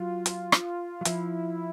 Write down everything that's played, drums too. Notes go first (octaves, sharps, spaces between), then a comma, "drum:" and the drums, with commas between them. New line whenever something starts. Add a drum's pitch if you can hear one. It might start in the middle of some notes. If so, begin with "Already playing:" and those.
Already playing: F#3 F4
drum: hi-hat
drum: rim click
F#3
F3 E4, drum: hi-hat